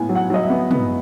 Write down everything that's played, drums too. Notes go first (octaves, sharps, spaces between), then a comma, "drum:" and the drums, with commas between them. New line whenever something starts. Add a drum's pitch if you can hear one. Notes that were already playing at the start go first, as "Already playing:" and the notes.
Already playing: A2 B3 G#5
F#3
F#5
F#3 D#5
E5
B3
B3, drum: tom